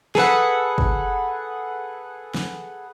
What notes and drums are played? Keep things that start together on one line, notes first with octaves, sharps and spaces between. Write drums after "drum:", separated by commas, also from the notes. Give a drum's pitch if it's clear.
G#4 A4 B4 F#5, drum: snare
drum: kick
drum: snare